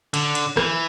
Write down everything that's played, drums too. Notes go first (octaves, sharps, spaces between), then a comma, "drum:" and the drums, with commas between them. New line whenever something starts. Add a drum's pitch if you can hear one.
D3, drum: cymbal
drum: cymbal
E3, drum: rim click